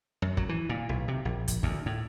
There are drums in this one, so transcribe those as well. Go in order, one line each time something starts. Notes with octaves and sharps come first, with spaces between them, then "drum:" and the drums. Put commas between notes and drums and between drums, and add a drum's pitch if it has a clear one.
F#2
F#3, drum: kick
E3
A#2
B1
C3
A#1
drum: kick, hi-hat
D2, drum: kick
A2